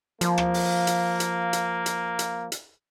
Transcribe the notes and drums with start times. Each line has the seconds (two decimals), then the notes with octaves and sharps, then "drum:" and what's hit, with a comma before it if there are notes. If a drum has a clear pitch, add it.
0.21 F3 A#3, drum: hi-hat
0.38 drum: rim click
0.54 drum: open hi-hat
0.87 drum: hi-hat
1.20 drum: hi-hat
1.53 drum: hi-hat
1.86 drum: hi-hat
2.19 drum: hi-hat
2.52 drum: hi-hat